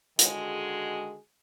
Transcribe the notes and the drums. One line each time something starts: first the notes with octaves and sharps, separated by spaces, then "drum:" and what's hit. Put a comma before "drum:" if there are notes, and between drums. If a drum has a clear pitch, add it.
D3 D#3 G#3 F#4 G#4, drum: hi-hat